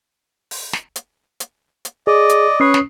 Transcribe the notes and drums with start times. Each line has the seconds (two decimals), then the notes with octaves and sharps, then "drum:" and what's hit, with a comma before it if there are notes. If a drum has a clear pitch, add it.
0.51 drum: open hi-hat
0.73 drum: snare
0.96 drum: hi-hat
1.40 drum: hi-hat
1.85 drum: hi-hat
2.07 G#4 D5 D#5
2.29 drum: hi-hat
2.60 C#4 B4 C#5 D#6 C7
2.74 drum: snare